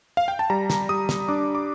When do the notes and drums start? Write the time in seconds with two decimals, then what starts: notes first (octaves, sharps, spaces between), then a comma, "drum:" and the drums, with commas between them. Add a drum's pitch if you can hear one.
0.17 F5
0.28 G5
0.39 A5
0.50 G3 A#5
0.70 drum: snare
0.89 G3 D#6
1.09 drum: snare
1.28 D4 D6
1.55 D6